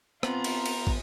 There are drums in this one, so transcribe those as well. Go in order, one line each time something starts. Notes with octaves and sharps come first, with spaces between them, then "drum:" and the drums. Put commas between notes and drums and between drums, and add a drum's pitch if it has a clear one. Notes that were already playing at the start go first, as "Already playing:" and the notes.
B3 C4 F4 A#5 B5, drum: rim click
drum: cymbal
drum: cymbal
drum: kick